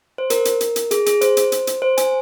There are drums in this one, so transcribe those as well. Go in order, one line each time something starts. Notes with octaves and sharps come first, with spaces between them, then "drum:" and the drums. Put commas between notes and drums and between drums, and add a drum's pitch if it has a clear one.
C5
A#4, drum: hi-hat
drum: hi-hat
drum: hi-hat
drum: hi-hat
G#4, drum: hi-hat
G#4, drum: hi-hat
C5, drum: hi-hat
drum: hi-hat
drum: hi-hat
drum: hi-hat
C5
G#5, drum: hi-hat